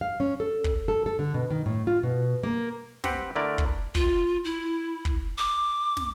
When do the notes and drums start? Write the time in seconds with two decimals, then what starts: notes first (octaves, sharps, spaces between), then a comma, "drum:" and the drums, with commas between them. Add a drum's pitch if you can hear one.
0.01 F5
0.20 C#4
0.40 A4
0.64 drum: kick
0.88 A4
1.06 A4
1.19 D3
1.34 B2
1.50 D#3
1.66 A2
1.87 F4
2.03 B2
2.43 A#3
3.04 C4 G4 B4 F#5, drum: snare
3.36 D3 A3 E4 A#4 D5
3.58 drum: kick
3.95 F4, drum: kick
4.44 E4
5.05 drum: kick
5.38 D6
5.97 drum: snare